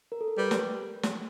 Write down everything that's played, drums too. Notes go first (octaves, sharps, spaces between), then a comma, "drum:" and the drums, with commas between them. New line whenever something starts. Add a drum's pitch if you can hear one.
A#4
A4
A#4
G3 B4
drum: snare
drum: snare